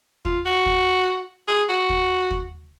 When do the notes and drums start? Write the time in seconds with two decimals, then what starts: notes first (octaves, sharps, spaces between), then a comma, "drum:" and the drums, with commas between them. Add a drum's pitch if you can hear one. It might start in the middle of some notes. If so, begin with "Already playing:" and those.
0.25 F4, drum: kick
0.45 F#4
0.66 drum: kick
1.48 G#4
1.69 F#4
1.89 drum: kick
2.31 drum: kick